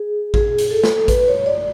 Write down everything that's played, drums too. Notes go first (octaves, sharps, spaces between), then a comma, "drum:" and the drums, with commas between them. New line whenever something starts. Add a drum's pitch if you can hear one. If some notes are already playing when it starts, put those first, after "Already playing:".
Already playing: G#4
G#4, drum: kick A1
drum: hi-hat
A4
drum: snare
B4, drum: kick A1, hi-hat
C#5
D5